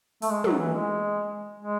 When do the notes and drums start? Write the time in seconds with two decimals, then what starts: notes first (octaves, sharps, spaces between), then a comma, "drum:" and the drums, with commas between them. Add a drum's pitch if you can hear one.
0.22 A3, drum: open hi-hat
0.30 G#3
0.44 F#3, drum: tom
0.58 E3
0.73 G#3
1.59 G#3